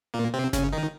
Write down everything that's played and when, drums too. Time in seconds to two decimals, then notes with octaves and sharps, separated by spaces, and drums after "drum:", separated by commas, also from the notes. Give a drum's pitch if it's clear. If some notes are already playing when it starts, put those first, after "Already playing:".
0.14 A#2 A#3
0.34 C3 C4
0.53 C#3 C#4, drum: snare G1
0.73 D#3 D#4